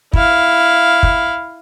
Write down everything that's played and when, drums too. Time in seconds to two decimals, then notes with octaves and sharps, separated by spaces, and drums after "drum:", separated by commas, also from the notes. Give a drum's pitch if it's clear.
0.13 E4 F5, drum: kick
1.03 drum: kick